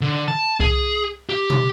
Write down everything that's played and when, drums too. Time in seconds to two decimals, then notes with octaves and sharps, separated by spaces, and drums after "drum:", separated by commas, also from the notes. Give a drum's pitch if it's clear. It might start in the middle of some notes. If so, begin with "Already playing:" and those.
0.01 D3
0.28 A5
0.60 G#4, drum: kick C2
1.29 G4
1.50 drum: tom